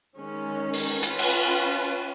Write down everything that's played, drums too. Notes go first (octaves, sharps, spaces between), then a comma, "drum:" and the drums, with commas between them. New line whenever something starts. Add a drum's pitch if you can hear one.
D#3 G#3 C#4
drum: open hi-hat
C#4 F4 B4, drum: hi-hat
drum: cymbal